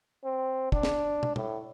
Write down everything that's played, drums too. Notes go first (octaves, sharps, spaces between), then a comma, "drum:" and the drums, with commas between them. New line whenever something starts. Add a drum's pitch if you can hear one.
C4
D4, drum: kick
drum: snare
drum: tom
A2, drum: tom